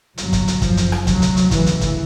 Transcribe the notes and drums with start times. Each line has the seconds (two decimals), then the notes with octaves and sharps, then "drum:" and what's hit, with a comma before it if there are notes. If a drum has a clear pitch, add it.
0.18 G1 G2 F#3, drum: hi-hat
0.33 drum: kick, hi-hat
0.47 drum: hi-hat
0.62 F#1 F#2 C#3 F3, drum: kick, hi-hat
0.77 drum: hi-hat
0.92 drum: rim click
1.07 D2 C3 F#3, drum: kick, hi-hat
1.22 drum: hi-hat
1.37 drum: hi-hat
1.51 D2 C#3 E3, drum: kick, hi-hat
1.66 drum: hi-hat
1.81 drum: kick, hi-hat